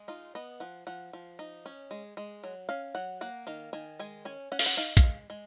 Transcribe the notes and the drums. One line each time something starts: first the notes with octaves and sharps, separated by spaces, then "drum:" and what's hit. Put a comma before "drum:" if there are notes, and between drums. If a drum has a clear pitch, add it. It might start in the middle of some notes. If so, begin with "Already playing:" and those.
Already playing: G#3
D#4 F4
B3 D#5
F3 F#5
F3 F#5
F3
D#4
C#4
G#3
G#3
F#3
C#4 F5
F#3 F#5
A#3 F#5
D#3 F5
D#3 G#5
G#3 G#5
C#4 G#5
C#4 F#5
F5, drum: open hi-hat
F#5
D#4 F5
F5, drum: kick, hi-hat
G#3
G#3